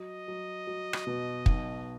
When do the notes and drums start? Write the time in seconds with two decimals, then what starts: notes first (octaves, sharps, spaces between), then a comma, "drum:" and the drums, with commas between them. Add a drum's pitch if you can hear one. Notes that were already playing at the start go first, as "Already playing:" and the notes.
Already playing: F#3 D#5
0.28 F#3
0.67 F#3
0.93 drum: rim click
1.07 B2
1.46 B1, drum: kick